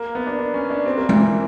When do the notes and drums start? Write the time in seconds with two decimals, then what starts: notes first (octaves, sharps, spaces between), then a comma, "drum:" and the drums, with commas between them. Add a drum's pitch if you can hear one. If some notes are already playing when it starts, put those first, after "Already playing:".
Already playing: A#3
0.15 B3
0.27 D4
0.39 D4
0.54 C#4
0.70 D4
0.86 C4
0.98 A#3
1.09 E3, drum: tom G#3
1.21 E3